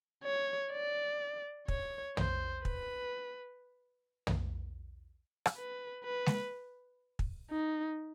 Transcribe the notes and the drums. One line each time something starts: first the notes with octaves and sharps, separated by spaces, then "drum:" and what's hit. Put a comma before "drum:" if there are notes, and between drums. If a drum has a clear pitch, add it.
C#5
D5
C#5, drum: kick
C5, drum: tom
B4, drum: kick
drum: tom
drum: rim click
B4
B4
drum: snare G#3
drum: kick
D#4